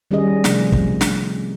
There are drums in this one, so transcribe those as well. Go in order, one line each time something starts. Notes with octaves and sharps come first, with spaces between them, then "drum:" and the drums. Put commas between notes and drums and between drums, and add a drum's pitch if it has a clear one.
D#3 G3 C#4 G4 G#4 D#5
C3 F3 A3 A#3, drum: snare
drum: kick
drum: snare